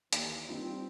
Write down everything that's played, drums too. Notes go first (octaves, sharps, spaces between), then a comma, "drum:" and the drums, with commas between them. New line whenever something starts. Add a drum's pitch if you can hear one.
D#2 E3, drum: hi-hat
G2 C4 D#4 F4